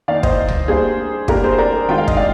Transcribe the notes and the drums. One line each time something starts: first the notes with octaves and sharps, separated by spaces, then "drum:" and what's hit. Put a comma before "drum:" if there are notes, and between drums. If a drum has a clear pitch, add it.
D#3 A#3 D#4 D5 F5
C5 D#5, drum: kick
drum: tom C#2
G3 A#3 D4 F4 G#4 C5
G3 A#3 D4 F4 G4 A#4, drum: kick
G#4 C5
A#4 D5
D#3 G#3 D4 F4 G5
F5
D#5, drum: kick
D5 F5